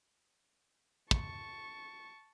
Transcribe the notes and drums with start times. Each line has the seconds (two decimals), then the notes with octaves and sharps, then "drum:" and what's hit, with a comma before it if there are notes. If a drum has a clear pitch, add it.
1.11 A5 C#6, drum: kick